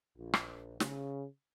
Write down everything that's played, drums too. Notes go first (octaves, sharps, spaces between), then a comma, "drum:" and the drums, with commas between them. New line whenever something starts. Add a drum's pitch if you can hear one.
A#1
drum: rim click
C#3, drum: snare